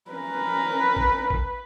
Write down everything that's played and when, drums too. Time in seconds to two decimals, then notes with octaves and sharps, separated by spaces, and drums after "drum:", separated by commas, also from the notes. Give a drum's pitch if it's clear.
0.12 C#4 A#4 B4
0.97 drum: kick
1.30 drum: kick